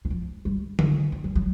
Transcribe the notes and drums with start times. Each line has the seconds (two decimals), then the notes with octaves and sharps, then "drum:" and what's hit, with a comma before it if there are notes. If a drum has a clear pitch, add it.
0.05 E3
0.10 F3
0.45 G3
0.79 F#3, drum: tom D3
1.12 F3
1.24 F#3
1.35 F#3